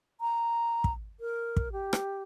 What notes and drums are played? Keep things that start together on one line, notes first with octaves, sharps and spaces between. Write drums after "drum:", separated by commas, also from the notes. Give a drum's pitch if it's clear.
A#5
drum: kick
A#4
drum: kick
G4
drum: rim click